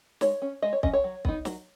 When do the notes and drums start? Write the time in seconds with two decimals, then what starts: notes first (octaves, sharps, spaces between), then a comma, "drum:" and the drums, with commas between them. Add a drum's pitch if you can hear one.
0.21 G#3 C#5, drum: snare
0.42 C#4
0.62 G#3 D#5
0.73 C#5
0.83 C#4 D#5, drum: kick
0.93 C#5
1.04 F#3
1.25 B3 D#4, drum: kick
1.45 F#3, drum: snare